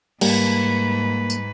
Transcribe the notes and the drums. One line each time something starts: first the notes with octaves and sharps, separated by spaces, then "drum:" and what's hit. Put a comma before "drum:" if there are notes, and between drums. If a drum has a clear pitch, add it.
G#2 G3 A#3 B4, drum: cymbal
drum: tambourine